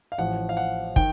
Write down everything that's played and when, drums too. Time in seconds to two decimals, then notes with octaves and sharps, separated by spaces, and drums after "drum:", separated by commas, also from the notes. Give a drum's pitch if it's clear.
0.12 F5
0.18 A1 A2 F3 F#5
0.49 F5
0.57 F#5
0.96 D#3 G5, drum: kick